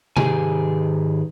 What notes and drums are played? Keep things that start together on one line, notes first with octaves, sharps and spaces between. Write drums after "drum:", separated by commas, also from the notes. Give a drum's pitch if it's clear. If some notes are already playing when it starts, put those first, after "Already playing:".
G#2 D#3 G4 G#4 B4 G#5, drum: tom C3